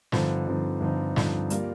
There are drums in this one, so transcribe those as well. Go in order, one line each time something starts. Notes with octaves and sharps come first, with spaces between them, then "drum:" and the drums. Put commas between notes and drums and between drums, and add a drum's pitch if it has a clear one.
G2 D3 F3 C4 D#4, drum: snare
G2 D3 F3 C4 D#4
G2 D3 F3 C4 D#4
G2 D3 F3 C4 D#4, drum: snare
G3 A#3 F4 A#4, drum: hi-hat